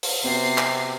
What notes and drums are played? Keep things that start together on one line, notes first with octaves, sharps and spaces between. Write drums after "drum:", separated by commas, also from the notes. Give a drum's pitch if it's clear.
drum: open hi-hat
C3 B3 F#4 C7
drum: clap